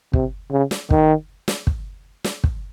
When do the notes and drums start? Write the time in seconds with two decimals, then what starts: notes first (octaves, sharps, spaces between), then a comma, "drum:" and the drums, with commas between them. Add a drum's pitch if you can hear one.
0.13 C3, drum: kick
0.51 C#3
0.71 drum: snare
0.90 D#3, drum: kick
1.48 drum: snare
1.67 drum: kick
2.24 drum: snare
2.44 drum: kick